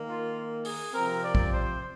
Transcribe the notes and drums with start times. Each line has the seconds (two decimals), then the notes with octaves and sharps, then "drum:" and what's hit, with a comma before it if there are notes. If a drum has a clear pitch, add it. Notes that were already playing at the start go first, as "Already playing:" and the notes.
Already playing: D#3 A#3
0.09 F4
0.65 G#4, drum: open hi-hat
0.94 C3 F3 C4 A#4
1.23 D5
1.35 drum: kick A#1
1.51 C5